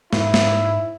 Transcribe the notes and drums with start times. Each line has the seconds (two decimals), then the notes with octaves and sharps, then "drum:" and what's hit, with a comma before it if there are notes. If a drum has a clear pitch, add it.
0.13 G#2 E4, drum: snare
0.34 drum: snare